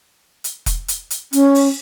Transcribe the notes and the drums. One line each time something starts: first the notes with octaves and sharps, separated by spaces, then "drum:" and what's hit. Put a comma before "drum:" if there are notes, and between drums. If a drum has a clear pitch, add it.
drum: hi-hat
drum: kick E1, hi-hat
drum: hi-hat
drum: hi-hat
C#4, drum: hi-hat
drum: open hi-hat